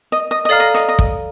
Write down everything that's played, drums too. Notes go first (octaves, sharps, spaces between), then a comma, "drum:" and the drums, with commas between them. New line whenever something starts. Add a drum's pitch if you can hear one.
D#5
D#5
D#5
A4 D5 F5 A#5 F6
D#5
D#5, drum: hi-hat
D#5
drum: kick